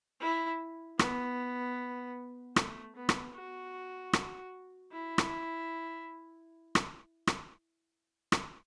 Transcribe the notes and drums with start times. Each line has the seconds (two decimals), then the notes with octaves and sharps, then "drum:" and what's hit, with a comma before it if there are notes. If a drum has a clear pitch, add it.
0.21 E4
0.99 B3, drum: rim click
2.56 A3, drum: rim click
2.96 B3
3.09 drum: rim click
3.35 F#4
4.13 drum: rim click
4.92 E4
5.18 drum: rim click
6.75 drum: rim click
7.27 drum: rim click
8.32 drum: rim click